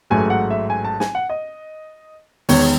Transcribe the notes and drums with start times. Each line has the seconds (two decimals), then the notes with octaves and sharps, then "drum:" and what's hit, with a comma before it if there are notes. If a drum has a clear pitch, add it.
0.10 A1 G#2 F#3 A3 G#5
0.30 F#5
0.50 E5
0.70 G#5
0.85 A5
1.00 G#5, drum: snare
1.15 F#5
1.29 D#5
2.49 E1 E2 D#3 C#5, drum: open hi-hat